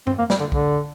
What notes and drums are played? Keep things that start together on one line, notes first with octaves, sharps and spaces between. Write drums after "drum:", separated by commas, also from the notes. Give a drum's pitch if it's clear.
C4, drum: tom G2
A#3
G3, drum: snare
D3
D3, drum: kick